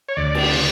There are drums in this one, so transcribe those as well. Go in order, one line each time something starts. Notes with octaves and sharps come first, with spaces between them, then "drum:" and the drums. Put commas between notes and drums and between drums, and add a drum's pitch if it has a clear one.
C#5
D2 D5
drum: cymbal
C#3